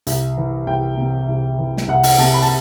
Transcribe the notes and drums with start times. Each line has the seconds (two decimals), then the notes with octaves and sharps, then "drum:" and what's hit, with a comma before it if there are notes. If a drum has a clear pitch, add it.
0.07 C2, drum: hi-hat
0.37 E3
0.67 C2 G5
0.97 C3
1.28 C2
1.59 E3
1.77 drum: snare
1.88 C2 F#5
2.03 F#5, drum: open hi-hat
2.18 C3 A5
2.34 B5
2.42 A5